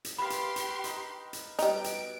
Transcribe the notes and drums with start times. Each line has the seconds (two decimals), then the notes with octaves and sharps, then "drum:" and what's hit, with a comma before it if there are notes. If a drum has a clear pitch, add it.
0.05 drum: hi-hat
0.19 G4 B4 D5 F5 B5 C6
0.30 drum: hi-hat
0.56 drum: hi-hat
0.84 D#4, drum: hi-hat
1.33 drum: hi-hat
1.59 B2 G3 D#4 D7, drum: hi-hat
1.84 drum: hi-hat